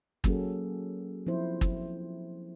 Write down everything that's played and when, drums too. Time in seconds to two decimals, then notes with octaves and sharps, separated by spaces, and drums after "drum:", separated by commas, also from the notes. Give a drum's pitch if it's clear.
0.24 F#3 A#3 C#4 F#4 G#4 A4, drum: kick
1.27 F3 C4 E4 C5
1.61 drum: kick